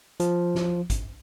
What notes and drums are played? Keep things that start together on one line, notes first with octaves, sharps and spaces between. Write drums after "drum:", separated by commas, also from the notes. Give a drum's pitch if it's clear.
F3, drum: hi-hat
drum: snare
drum: kick G#1, hi-hat